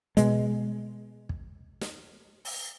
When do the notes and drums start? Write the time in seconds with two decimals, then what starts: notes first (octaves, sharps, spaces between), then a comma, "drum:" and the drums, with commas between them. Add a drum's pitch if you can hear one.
0.17 B2 G#3, drum: hi-hat
1.29 drum: kick
1.81 drum: snare
2.45 drum: open hi-hat